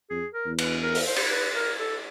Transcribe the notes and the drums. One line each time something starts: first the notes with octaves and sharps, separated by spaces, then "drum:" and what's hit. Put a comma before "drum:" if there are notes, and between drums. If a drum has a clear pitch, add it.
F2 G#4
A#4
E2
B4, drum: cymbal
A#4
drum: open hi-hat
C5
drum: cymbal
B4
A#4
A4